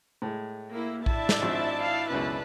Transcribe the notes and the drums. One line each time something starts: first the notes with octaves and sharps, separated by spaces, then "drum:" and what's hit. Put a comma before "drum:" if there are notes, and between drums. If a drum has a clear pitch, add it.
A2 G#3
A#3 E4
D4 E4 E5 A5, drum: kick A#1
drum: snare
G#1 F3
F5
C#2 F#2 B2 B4